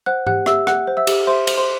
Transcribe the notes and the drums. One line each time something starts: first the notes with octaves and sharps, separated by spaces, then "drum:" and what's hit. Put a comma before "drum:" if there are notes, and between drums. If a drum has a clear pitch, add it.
C5 F#5 F#6
G4 F#5 F#6, drum: tom G#2
G4 E5 E6, drum: rim click
F#5 F#6, drum: rim click
C5
E5 E6
G4, drum: cymbal
C5 E5 C6
C5, drum: cymbal
C5 C6